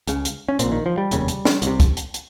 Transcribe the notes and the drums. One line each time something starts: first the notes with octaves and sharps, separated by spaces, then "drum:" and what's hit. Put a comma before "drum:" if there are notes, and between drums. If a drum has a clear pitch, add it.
C#2 C#3, drum: hi-hat
drum: hi-hat
C#4
A#1 A#2 C4, drum: hi-hat
D#3
F3
G3
F1 D#2 C#3, drum: hi-hat
drum: hi-hat
drum: snare
C2 C3, drum: hi-hat
drum: kick, hi-hat
drum: hi-hat
drum: hi-hat